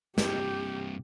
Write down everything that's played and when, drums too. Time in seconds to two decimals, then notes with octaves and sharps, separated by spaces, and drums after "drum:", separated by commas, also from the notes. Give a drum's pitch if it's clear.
0.18 G2 C3 G4, drum: snare